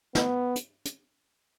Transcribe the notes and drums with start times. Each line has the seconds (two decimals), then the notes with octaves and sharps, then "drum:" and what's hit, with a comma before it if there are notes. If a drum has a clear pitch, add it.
0.15 B3, drum: snare
0.56 drum: hi-hat
0.85 drum: hi-hat